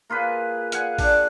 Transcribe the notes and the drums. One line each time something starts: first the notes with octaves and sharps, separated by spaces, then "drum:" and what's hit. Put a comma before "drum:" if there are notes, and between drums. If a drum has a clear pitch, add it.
A#3 F4 G#4 B4
F5 F#5 G#5, drum: hi-hat
D4, drum: kick, open hi-hat